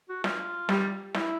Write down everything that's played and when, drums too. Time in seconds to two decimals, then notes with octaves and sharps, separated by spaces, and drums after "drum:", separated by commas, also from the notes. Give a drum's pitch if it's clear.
0.09 F#4
0.24 F4, drum: snare
0.69 G3, drum: snare
1.14 E4, drum: snare